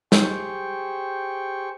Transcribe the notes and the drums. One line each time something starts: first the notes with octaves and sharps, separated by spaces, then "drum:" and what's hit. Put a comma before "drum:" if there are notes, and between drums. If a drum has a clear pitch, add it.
G4 G#4 C5 G5 C#6, drum: snare